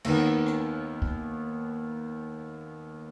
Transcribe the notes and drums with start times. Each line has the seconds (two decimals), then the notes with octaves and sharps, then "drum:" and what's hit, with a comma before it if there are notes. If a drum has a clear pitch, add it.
0.05 D#2 D#3 B3, drum: cymbal
0.46 drum: rim click
1.02 drum: kick